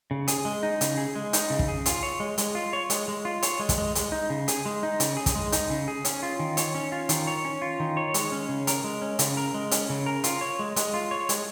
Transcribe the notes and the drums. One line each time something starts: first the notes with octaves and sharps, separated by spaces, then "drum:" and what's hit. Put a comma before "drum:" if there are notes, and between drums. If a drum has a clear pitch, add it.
C#3
G#4, drum: hi-hat
G#3
D#4
C#3, drum: hi-hat
G#4
G#3
D#4, drum: hi-hat
C#3
drum: kick
G#4
F4, drum: hi-hat
C#5
G#3
G#3, drum: hi-hat
F4
C#5
G#3, drum: hi-hat
G#3
F4
C#5, drum: hi-hat
G#3
drum: kick, hi-hat
G#3
G#3, drum: hi-hat
D#4
C#3
G#4, drum: hi-hat
G#3
D#4
C#3, drum: hi-hat
G#4
drum: kick, hi-hat
G#3
D#4, drum: hi-hat
C#3
G#4
C#4, drum: hi-hat
F4
D#3
C#5, drum: hi-hat
C#4
F4
D#3, drum: hi-hat
C#5
C#4
F4
D#3
C#5
G#3, drum: hi-hat
C#4
C#3
A#4, drum: hi-hat
G#3
C#4
C#3, drum: hi-hat
A#4
G#3
C#4, drum: hi-hat
C#3
A#4
F4, drum: hi-hat
C#5
G#3
G#3, drum: hi-hat
F4
C#5
G#3, drum: hi-hat